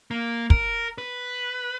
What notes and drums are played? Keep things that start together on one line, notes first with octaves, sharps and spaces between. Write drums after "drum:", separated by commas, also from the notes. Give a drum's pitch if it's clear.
A#3
A#4, drum: kick
B4